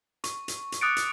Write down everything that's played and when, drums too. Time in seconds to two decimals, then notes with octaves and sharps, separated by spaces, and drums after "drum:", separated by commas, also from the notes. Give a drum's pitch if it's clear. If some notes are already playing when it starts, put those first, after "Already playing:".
0.24 C#6, drum: hi-hat
0.48 drum: hi-hat
0.72 drum: hi-hat
0.81 D6 D#6 F#6 A6 C#7 D7
0.97 drum: hi-hat